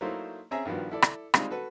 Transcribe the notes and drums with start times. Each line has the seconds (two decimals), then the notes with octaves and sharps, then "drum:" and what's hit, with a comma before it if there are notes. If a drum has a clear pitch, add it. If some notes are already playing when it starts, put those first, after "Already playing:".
0.01 F#3 A3 A#3 D#4 E4 C5
0.51 C4 C#4 G#4 E5 A#5
0.65 G2 D#3 F3 B3 F#4
0.91 E4 A4 D5
1.02 drum: rim click
1.34 G3 G#3 C4 D#4 F4, drum: rim click
1.51 F#4 A4 B4